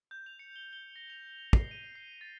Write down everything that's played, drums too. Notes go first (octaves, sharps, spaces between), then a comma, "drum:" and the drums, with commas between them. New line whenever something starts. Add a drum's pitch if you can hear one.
G6
F7
C#7
G7
G7
A#6
F7
G7
C7, drum: kick
D#7
C7
A6